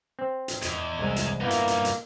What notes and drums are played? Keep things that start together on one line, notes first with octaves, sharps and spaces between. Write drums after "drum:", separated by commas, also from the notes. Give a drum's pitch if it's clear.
C4
drum: hi-hat
E2 D#5, drum: hi-hat
C2 G#3
drum: hi-hat
G2 A#3 B3 D#4 E4
drum: hi-hat
drum: hi-hat
drum: hi-hat